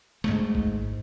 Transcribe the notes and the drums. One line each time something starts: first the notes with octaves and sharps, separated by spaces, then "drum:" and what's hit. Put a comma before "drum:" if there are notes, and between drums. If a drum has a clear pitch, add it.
G#2 A3, drum: snare
drum: kick G#1